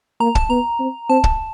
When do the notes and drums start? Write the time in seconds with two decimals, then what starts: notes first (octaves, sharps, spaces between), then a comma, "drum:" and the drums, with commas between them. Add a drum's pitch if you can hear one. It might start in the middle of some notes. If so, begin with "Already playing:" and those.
0.20 A#3 A#5
0.35 A5, drum: kick
0.50 B3 A#5
0.79 C4
1.09 C4 A5
1.24 drum: kick